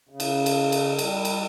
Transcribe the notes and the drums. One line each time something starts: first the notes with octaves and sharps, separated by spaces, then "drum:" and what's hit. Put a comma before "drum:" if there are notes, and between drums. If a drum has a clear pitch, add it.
C#3
drum: cymbal
drum: cymbal
drum: cymbal
G3, drum: cymbal
drum: cymbal